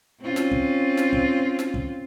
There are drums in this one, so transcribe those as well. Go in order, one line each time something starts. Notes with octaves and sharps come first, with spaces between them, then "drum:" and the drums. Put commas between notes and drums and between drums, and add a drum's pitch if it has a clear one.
C4 C#4 F4
drum: snare
drum: kick
drum: snare
drum: kick
drum: snare
drum: kick